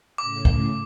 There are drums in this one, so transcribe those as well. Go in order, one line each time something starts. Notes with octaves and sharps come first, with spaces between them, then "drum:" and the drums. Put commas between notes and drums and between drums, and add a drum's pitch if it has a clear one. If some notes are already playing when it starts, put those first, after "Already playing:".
A2 C#3 D6
drum: kick